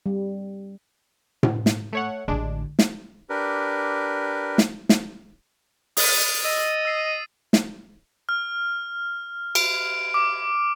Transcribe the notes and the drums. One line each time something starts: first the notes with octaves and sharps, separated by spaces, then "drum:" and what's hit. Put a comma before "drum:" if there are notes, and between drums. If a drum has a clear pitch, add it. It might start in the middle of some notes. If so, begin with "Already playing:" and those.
G3
drum: tom A2
drum: snare
A3 C#5 F#5
A1 D3 G#3 D4
drum: snare
D4 G4 A#4 B4
drum: snare
drum: snare
D#6 A6 D#7, drum: open hi-hat
D#5 E6
E6 C7 D#7
drum: snare
F6
D7, drum: cymbal
D6